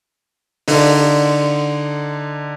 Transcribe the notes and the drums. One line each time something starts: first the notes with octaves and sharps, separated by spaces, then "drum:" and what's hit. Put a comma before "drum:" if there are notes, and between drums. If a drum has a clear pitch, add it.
D3 D#4, drum: open hi-hat